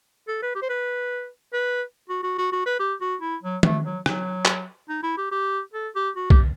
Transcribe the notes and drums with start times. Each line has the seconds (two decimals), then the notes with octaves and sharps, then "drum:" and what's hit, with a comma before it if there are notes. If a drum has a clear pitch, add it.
0.28 A4
0.42 B4
0.55 G4
0.62 C5
0.69 B4
1.53 B4
2.09 F#4
2.23 F#4
2.38 F#4
2.52 F#4
2.66 B4
2.79 G4
3.01 F#4
3.21 E4
3.43 F#3
3.63 A3, drum: tom D#3
3.85 F#3
4.06 F#3, drum: rim click
4.45 drum: clap
4.89 D#4
5.03 E4
5.17 G4
5.31 G4
5.74 A4
5.95 G4
6.16 F#4
6.30 G4, drum: kick